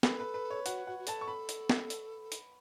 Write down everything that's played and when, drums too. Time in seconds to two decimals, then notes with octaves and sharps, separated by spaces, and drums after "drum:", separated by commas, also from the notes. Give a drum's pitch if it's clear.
0.03 A4 B4, drum: snare
0.20 B4
0.34 B4
0.50 C#5
0.66 F#4 F#5, drum: hi-hat
0.87 F#4 F#5
0.99 F#4
1.07 A4 A5, drum: hi-hat
1.21 C#6
1.28 B5
1.49 drum: hi-hat
1.70 drum: snare
1.90 drum: hi-hat
2.32 drum: hi-hat